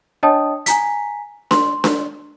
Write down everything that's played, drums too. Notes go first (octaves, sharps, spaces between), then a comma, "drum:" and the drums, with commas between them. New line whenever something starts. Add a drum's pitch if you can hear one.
D4 C#5 D#5 G5 A5 D#6
G#5 A#5 B6, drum: hi-hat
C6, drum: snare D4
drum: snare D4